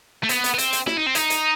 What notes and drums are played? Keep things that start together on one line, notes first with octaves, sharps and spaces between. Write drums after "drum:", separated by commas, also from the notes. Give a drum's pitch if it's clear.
A3
B3, drum: hi-hat
drum: hi-hat
B3
C4, drum: hi-hat
drum: hi-hat
E4, drum: snare
D#4
C4
D#4, drum: hi-hat
drum: hi-hat